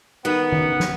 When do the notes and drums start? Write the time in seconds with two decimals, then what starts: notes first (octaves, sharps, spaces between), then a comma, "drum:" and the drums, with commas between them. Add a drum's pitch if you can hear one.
0.25 D#3 B3 A#4
0.52 drum: tom D#3
0.80 drum: snare